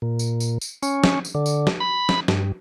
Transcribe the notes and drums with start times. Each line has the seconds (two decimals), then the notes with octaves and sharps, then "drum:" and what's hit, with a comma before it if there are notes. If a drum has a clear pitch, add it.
0.02 A#2
0.19 drum: tambourine
0.40 drum: tambourine
0.61 drum: tambourine
0.83 C#4, drum: tambourine
1.04 drum: snare
1.25 drum: tambourine
1.35 D3
1.46 drum: tambourine
1.67 drum: snare
1.80 B5
2.09 drum: snare
2.28 G2, drum: snare